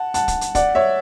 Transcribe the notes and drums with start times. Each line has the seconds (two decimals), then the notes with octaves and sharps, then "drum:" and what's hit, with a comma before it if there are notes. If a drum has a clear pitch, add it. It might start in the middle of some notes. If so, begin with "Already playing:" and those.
Already playing: F#5 A5
0.14 F#5 A5, drum: hi-hat
0.28 drum: kick, hi-hat
0.41 drum: hi-hat
0.55 D5 F#5, drum: kick, hi-hat
0.75 C#5 E5